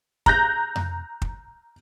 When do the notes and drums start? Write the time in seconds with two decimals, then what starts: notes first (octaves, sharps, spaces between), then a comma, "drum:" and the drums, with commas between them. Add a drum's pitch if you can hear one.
0.26 A#5 F#6 G6 A#6, drum: kick
0.76 drum: tom F2
1.22 drum: kick